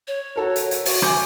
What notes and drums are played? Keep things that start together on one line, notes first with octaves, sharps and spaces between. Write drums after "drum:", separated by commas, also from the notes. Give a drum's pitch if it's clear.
C#5
F#4 A4 A#4
drum: hi-hat
drum: hi-hat
F#4, drum: open hi-hat
G#5 D6 G6, drum: rim click